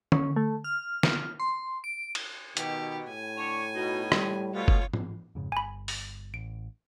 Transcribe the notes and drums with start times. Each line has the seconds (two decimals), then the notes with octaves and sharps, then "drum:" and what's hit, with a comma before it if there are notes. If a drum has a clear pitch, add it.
0.12 C#4, drum: tom D3
0.36 A3
0.64 F6
1.03 drum: snare
1.40 C6
1.84 D7
2.15 drum: cymbal
2.57 B2 D#3 G4, drum: hi-hat
3.08 A2 G#5
3.37 D3 C#5
3.75 B2 D#4 F#4
4.12 G3, drum: rim click
4.54 B2 A3 F4 C#5
4.68 drum: kick F#1
4.93 drum: tom G#2
5.35 F2 G#2 C#3
5.52 G1 G#5 B5
5.88 drum: open hi-hat
6.34 A1 D7